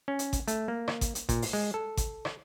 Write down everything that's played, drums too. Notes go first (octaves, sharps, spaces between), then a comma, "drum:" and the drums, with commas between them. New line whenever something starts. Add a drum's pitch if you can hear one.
C#4
drum: hi-hat
drum: kick G#1, hi-hat
A3, drum: hi-hat
A#3
drum: rim click
drum: kick G#1, hi-hat
drum: hi-hat
A#2, drum: kick G#1, hi-hat
drum: open hi-hat
G#3
A4
drum: kick G#1, hi-hat
drum: rim click